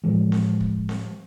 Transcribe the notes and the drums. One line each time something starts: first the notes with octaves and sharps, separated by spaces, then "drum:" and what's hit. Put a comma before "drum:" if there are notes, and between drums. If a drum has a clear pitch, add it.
A2 E3 F3 G#3
drum: snare C4
drum: kick
drum: snare C4